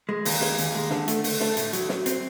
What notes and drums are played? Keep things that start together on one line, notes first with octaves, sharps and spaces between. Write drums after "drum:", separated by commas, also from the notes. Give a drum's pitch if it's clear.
G#3
D#2, drum: open hi-hat
G#3, drum: snare
D#2, drum: hi-hat
G#3
D3, drum: snare
A3, drum: hi-hat
A3, drum: open hi-hat
A3, drum: snare
A2, drum: hi-hat
F#3, drum: hi-hat
F#3, drum: snare
C4, drum: hi-hat